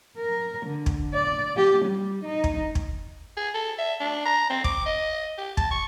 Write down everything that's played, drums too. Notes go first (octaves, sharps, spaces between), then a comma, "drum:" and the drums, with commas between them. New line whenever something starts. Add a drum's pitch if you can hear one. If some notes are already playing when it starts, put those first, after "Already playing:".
A#4
D3
drum: kick
D5
G4
G3
D#4
drum: kick
drum: kick
G#4
A4
E5
D4
A#5
C4
D6, drum: kick
D#5
G4
A5, drum: kick
C#6